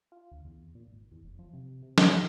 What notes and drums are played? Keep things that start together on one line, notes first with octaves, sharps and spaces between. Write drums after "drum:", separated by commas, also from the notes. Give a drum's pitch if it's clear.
F4
D2
E2
A#2
G#1
E2
F1
F3
C3
C3
C#3, drum: snare
D2